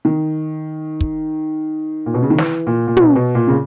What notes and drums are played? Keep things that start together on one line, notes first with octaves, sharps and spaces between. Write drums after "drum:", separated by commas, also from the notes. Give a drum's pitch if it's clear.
D#3
drum: kick
A#2
B2
C#3
D#3
E3, drum: snare
A#2
A#2
B2, drum: tom
B2
A#2
C#3